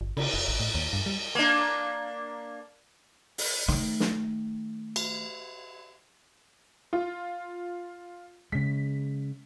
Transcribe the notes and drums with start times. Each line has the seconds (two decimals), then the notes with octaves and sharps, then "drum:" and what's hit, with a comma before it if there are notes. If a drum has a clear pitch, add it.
0.01 G1
0.17 C#3, drum: cymbal
0.34 F1
0.48 G#1
0.60 A2
0.75 D#2
0.93 G2
1.06 G3
1.35 A#3 D4
3.38 drum: open hi-hat
3.68 D#3 A3
4.00 drum: snare
4.96 drum: cymbal
6.93 F4
8.52 C#3 G#3 B6